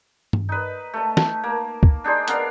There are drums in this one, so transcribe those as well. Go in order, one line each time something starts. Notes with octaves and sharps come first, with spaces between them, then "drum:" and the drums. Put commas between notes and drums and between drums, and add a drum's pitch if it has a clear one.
drum: tom G2
D#4 B4
A3 A5
drum: snare
A#3
drum: kick C#2
D4 D#4 G#4 C5
B3 D4 A#4 F5, drum: hi-hat